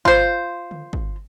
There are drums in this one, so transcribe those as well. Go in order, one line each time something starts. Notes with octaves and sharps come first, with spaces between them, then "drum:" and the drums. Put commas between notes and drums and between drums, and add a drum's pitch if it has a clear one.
F4 C5, drum: kick
drum: tom D3
drum: kick